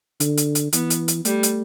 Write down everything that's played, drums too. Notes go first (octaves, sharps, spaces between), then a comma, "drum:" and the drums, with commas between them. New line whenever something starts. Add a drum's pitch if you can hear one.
D3, drum: hi-hat
drum: hi-hat
drum: hi-hat
E3 B3, drum: hi-hat
drum: hi-hat
drum: hi-hat
G3 A3, drum: hi-hat
drum: hi-hat